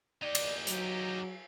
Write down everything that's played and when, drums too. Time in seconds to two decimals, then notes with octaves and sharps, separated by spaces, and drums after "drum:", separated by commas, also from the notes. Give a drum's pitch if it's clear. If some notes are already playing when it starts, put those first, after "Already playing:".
0.23 D#4 G4 D5
0.35 drum: cymbal
0.67 F#3, drum: hi-hat